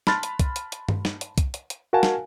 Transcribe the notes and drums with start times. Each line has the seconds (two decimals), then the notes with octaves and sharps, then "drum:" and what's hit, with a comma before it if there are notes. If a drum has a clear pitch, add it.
0.07 A5 B5 C6 F6 F#6 A6, drum: snare
0.23 drum: hi-hat
0.39 drum: kick, hi-hat
0.56 drum: hi-hat
0.72 drum: hi-hat
0.89 drum: tom G2
1.05 drum: snare
1.21 drum: hi-hat
1.38 drum: kick, hi-hat
1.54 drum: hi-hat
1.70 drum: hi-hat
1.93 F#4 A#4 F5 F#5 G#5 A5
2.03 drum: snare